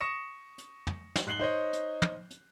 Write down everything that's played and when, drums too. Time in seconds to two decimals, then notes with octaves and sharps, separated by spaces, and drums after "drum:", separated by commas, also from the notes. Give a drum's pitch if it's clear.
0.01 C#6 D#6 A#6 C#7 E7
0.58 drum: hi-hat
0.87 drum: tom
1.16 drum: snare
1.27 G#2 F#6 C7 F#7 G7
1.39 D#4 C5 C#5 D#5
1.73 drum: hi-hat
2.02 drum: tom
2.31 drum: hi-hat